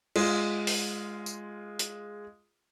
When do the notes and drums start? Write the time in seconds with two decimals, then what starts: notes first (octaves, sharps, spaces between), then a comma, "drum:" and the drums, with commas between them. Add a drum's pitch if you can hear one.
0.16 G#3 F4, drum: cymbal
0.67 drum: open hi-hat
1.26 drum: tambourine
1.79 drum: hi-hat